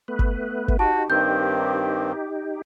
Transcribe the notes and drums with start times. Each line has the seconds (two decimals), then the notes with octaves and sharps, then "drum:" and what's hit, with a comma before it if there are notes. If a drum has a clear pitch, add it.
0.08 A3 B3 B4
0.19 drum: kick G1
0.68 drum: kick G1
0.79 D#4 F#4 G4 A5
1.10 G2 D#3 C4 G6